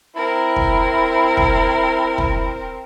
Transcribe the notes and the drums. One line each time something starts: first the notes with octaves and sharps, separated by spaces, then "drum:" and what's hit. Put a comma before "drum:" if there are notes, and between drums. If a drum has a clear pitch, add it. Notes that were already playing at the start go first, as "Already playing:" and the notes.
C4 E4 A#4
drum: kick
drum: kick
drum: kick